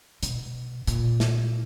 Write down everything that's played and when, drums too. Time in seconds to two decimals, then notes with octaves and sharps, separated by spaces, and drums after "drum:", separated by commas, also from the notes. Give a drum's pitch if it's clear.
0.23 B2, drum: hi-hat
0.87 A#2, drum: hi-hat
1.20 drum: snare